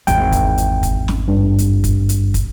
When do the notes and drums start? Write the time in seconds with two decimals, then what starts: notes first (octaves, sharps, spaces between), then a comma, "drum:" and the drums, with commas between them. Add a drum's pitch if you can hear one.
0.07 G#1 E2 G5, drum: hi-hat
0.32 drum: kick, hi-hat
0.58 drum: hi-hat
0.83 drum: kick, hi-hat
1.08 drum: snare
1.28 G2
1.58 drum: hi-hat
1.84 drum: kick, hi-hat
2.09 drum: hi-hat
2.34 drum: kick, hi-hat